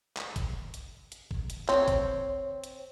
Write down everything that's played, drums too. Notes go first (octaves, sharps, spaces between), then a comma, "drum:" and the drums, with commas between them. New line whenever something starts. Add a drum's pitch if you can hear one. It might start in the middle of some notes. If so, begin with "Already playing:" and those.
drum: clap
drum: kick A1, hi-hat
drum: hi-hat
drum: hi-hat
drum: kick A1
drum: hi-hat
C4 C#5, drum: clap
drum: kick A1, hi-hat
drum: hi-hat